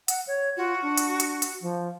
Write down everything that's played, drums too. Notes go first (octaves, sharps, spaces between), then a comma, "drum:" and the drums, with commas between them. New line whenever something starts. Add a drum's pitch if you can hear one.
F#5, drum: hi-hat
C#5
F4 F#4
D4
drum: hi-hat
drum: hi-hat
drum: hi-hat
F3